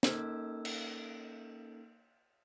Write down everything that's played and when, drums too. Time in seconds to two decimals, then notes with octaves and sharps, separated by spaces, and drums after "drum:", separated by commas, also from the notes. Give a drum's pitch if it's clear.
0.03 A#3 C#4 D#4 A4 A#4 E6, drum: snare
0.65 drum: cymbal